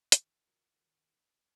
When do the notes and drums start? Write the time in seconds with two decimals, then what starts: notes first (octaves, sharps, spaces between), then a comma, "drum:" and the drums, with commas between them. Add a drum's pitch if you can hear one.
0.12 D#3, drum: hi-hat
0.47 F4 F#4 A#4